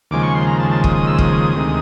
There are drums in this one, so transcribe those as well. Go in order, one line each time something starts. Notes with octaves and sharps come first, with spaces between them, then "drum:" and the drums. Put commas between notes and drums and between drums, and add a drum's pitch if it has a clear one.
D#2 C#3 F3 G#3 D6
C#6
C6
A#5
A5
A5
D#6, drum: kick
D#6
E6
D#6, drum: kick
D2 C3 D#3 G#3